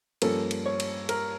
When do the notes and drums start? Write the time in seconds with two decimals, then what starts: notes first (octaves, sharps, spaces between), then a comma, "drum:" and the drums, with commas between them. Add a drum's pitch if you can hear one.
0.22 G2 F3 A#3 C#4 A4, drum: cymbal
0.51 drum: cymbal
0.66 C#5
0.80 drum: cymbal
1.09 A#4, drum: cymbal